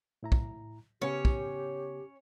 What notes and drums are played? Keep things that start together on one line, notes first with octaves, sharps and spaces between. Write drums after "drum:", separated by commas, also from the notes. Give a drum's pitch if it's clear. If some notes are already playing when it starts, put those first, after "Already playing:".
A2 E4 A#5
drum: kick
C#3 B3 C#4 G4 C#5 G#5
drum: kick